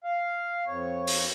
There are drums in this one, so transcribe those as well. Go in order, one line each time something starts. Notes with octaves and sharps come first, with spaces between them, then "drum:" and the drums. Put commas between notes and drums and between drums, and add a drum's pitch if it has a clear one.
F5
F2 C#5
drum: open hi-hat